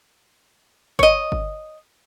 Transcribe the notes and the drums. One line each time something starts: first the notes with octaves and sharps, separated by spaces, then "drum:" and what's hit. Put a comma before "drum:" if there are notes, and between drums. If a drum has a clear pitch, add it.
C#5 D#5, drum: kick G1
drum: kick G1